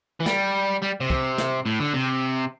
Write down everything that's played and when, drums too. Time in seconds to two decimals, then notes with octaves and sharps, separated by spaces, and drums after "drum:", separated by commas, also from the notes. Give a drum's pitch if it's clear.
0.21 E3
0.26 G3, drum: snare
0.82 G3
1.01 C3
1.10 drum: kick
1.38 drum: snare
1.66 A2
1.80 D3
1.94 C3